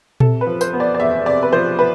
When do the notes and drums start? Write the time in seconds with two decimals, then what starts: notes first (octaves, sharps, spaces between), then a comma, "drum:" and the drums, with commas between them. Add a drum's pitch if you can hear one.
0.20 C3 A4, drum: tom A#2
0.41 B4
0.46 F3
0.61 C5, drum: tambourine
0.73 B3
0.80 D5
0.95 D5
1.00 E2 E5
1.26 C3 D5
1.43 B4
1.53 F3 C5
1.79 B3 B4